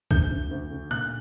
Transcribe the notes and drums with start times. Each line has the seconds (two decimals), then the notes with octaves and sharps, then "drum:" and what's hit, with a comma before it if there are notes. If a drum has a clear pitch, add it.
0.11 D2 G6, drum: kick C2
0.31 D2
0.51 D2
0.70 D3
0.91 A#2 F#6